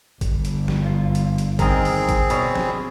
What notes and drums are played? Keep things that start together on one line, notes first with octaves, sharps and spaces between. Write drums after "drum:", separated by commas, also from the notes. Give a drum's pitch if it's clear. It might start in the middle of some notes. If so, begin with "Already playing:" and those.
G1, drum: kick G#1, hi-hat
drum: hi-hat
drum: snare
F4
drum: hi-hat
drum: hi-hat
D#3 C4 G#4 A#4, drum: kick G#1, hi-hat
drum: open hi-hat
drum: kick G#1, hi-hat
B2 C#5, drum: hi-hat
drum: snare